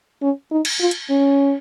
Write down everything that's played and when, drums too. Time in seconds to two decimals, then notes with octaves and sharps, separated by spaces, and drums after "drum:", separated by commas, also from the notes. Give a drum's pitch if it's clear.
0.22 C#4
0.51 D#4
0.65 drum: cymbal
0.80 F4
0.91 drum: hi-hat
1.10 C#4